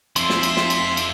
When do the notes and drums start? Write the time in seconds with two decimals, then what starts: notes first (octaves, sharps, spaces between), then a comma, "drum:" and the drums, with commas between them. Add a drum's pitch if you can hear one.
0.16 F2 E5 C6, drum: cymbal
0.30 drum: snare
0.43 drum: cymbal
0.57 drum: snare
0.70 drum: cymbal
0.97 drum: cymbal